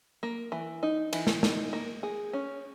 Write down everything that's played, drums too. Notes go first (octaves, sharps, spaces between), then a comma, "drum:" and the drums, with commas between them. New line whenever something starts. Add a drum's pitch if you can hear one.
A#3
E3
D#4
E3, drum: cymbal
drum: snare
D#4, drum: snare
A#3
G#4
C#4